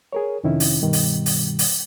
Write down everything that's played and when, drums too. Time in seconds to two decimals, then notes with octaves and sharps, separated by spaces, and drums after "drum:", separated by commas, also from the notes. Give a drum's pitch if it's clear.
0.13 G#4 A#4 C#5
0.44 F2 C3 D#3 C#4 D#4 E4
0.60 drum: open hi-hat
0.82 G2 B2 D#3 G3
0.93 drum: open hi-hat
1.26 drum: open hi-hat
1.59 drum: open hi-hat